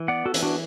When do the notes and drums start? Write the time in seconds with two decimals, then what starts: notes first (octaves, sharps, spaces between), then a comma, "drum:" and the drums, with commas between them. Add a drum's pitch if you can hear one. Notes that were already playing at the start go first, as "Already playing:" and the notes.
Already playing: E3
0.08 B3 D5 F#5
0.26 F#4 A4
0.34 E3, drum: hi-hat
0.43 D4 F#4